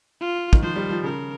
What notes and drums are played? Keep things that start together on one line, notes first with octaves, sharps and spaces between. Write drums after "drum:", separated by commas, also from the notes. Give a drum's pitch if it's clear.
F4
D#3, drum: kick
F3 C5
G3
F3
C#3 A#4